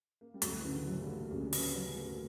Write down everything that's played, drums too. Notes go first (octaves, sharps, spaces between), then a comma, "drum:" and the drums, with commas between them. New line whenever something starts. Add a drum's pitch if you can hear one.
A#3
G3
D2 F#3, drum: hi-hat
C#3 E3
D3
A#2 F#3
G2
A#3
D2 C#3
C#4
C#3 B3, drum: open hi-hat
F#3 C#4
A#3 C#4